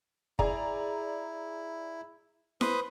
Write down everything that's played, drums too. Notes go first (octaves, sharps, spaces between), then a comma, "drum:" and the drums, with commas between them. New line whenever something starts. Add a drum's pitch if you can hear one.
E4 G#4 D5 A#5, drum: kick
B4 C5 D#6, drum: snare E4